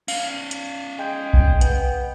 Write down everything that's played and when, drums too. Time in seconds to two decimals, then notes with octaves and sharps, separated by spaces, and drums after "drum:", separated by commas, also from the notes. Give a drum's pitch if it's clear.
0.08 C#4 D5 F5, drum: open hi-hat
0.51 drum: hi-hat
0.99 G#3 G5
1.33 drum: kick B1
1.61 B3, drum: hi-hat